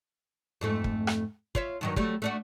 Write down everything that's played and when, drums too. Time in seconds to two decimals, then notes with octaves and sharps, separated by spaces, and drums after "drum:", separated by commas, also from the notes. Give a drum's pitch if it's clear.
0.61 F2 G#2 A3
0.84 drum: kick
1.07 drum: rim click
1.55 F4 C#5 E5, drum: kick
1.81 G2 D#3 F#3
1.96 F#3 G3 A3, drum: kick
2.22 A3 D4 F#4